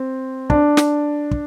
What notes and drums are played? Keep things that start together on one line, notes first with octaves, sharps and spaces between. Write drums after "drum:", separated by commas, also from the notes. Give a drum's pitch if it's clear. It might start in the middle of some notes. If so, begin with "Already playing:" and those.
Already playing: C4
D4, drum: kick
drum: snare
drum: kick